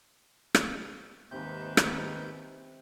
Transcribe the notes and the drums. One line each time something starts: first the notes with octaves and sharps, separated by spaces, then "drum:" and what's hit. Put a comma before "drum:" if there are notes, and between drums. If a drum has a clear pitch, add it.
drum: rim click
D#2 G#2 C3 D#3 B4 G6
drum: rim click